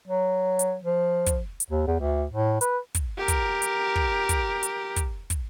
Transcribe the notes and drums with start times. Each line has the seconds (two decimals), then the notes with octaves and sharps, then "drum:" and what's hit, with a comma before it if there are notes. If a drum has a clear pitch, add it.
0.08 F#3
0.59 drum: hi-hat
0.84 F3
1.26 drum: kick, hi-hat
1.60 drum: hi-hat
1.70 D#2
1.87 E2
2.00 D2
2.32 A2
2.61 B4, drum: hi-hat
2.95 drum: kick, hi-hat
3.18 G4 A#4
3.28 drum: kick, hi-hat
3.62 drum: hi-hat
3.96 drum: kick
4.29 drum: kick, hi-hat
4.63 drum: hi-hat
4.96 drum: kick, hi-hat
5.30 drum: kick, hi-hat